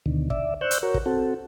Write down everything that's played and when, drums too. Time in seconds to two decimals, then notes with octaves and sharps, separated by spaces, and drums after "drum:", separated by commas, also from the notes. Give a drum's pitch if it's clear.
0.06 D2 B2 D3 D#3
0.30 D5 E5, drum: kick
0.61 C5 D5 C#6 E6 F#6 G6
0.71 drum: hi-hat
0.83 F#4 A#4 C#5
0.94 drum: kick
1.06 C4 F#4 A4